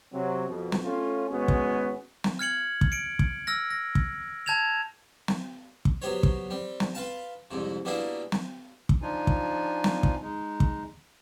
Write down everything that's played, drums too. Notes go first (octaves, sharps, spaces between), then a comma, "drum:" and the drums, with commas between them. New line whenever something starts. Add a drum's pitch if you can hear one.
C3 F#3 C4
F2 B2
drum: snare
A3 C#4 F4
G#1 G#3 B3 C#4 F#4 G#4
drum: kick
drum: snare
F6 G#6 C#7 F#7
drum: kick
C#7 D7
drum: kick
E6 F6 A#6
A#6
drum: kick
A5 G6 G#6 E7 F7
drum: snare
drum: kick
F#3 B3 G4 C5 C#5
drum: kick
G3 C4
drum: snare
F4 B4 F5 A5
C2 F2 G#2 C3
B2 G3 A#3 D4 E4 G#4
drum: snare
drum: kick
F3 D4 D#4 F4 G#5
drum: kick
drum: snare
drum: kick
G#3 D#4
drum: kick